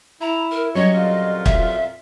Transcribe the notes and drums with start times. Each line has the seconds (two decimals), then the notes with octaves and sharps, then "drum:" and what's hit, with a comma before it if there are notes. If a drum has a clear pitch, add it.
0.21 E4 A#5
0.51 A#4
0.75 F#3 G3 C#4 C#5 D#5
0.95 F2 A#2 F4
1.46 E5, drum: kick